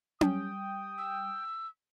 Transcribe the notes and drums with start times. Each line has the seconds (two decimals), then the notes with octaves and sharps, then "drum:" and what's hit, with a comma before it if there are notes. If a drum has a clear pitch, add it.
0.21 G3 G5 D#6, drum: tom C#4
0.98 E6